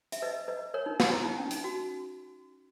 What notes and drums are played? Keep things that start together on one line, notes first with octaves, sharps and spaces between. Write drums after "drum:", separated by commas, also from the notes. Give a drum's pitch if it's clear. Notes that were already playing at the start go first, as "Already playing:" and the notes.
E5, drum: hi-hat
B4 D#5
B4 D#5
A#4 C#5
D#4
D#4, drum: snare
E4
D#4
C#4
D#4, drum: hi-hat
F#4